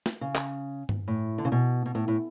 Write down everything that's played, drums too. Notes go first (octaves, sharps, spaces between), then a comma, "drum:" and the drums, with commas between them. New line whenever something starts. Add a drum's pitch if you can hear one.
drum: snare
C#3
drum: clap
drum: tom G2
A2
D3
C#3
B2
B2
A2
A2